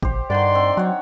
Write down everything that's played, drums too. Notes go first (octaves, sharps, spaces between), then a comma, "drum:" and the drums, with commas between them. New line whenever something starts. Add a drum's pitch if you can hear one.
A#1 G4 C5, drum: kick
G2 D3 D#3 D5 C6
C4
F#3 C#5 F#5